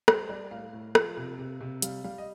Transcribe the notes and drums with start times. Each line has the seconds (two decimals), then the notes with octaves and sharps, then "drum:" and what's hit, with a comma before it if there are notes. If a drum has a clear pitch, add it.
0.08 G3 C5, drum: rim click
0.29 G3 D5
0.51 A2 F5
0.73 A2
0.95 F3, drum: rim click
1.17 C3
1.39 C3
1.61 C3
1.82 G3 F5, drum: hi-hat
2.04 G3 F5
2.18 D#5